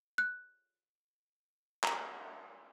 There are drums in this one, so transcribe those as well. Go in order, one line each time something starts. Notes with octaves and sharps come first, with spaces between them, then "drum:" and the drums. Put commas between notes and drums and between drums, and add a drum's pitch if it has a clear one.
F#6
A#5, drum: clap